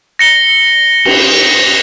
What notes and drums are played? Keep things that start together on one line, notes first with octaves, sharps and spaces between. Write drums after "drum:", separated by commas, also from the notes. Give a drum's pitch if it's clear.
A#6 C#7 G7
drum: cymbal